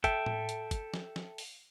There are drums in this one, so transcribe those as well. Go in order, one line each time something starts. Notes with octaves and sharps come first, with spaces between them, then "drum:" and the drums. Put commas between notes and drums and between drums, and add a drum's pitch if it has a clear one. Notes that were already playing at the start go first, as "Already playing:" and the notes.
A4 E5 G5, drum: kick, hi-hat
drum: tom A2
drum: hi-hat
drum: kick, hi-hat
drum: snare
drum: snare
drum: open hi-hat